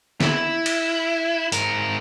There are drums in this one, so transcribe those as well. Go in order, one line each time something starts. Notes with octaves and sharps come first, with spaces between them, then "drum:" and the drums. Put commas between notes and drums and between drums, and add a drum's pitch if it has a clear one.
E4, drum: snare
drum: cymbal
G#2 A#4, drum: hi-hat